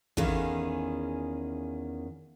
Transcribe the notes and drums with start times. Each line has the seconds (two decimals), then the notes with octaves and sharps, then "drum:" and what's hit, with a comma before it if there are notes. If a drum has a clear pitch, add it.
0.17 E2 D#3 C#4 G#4 F5, drum: kick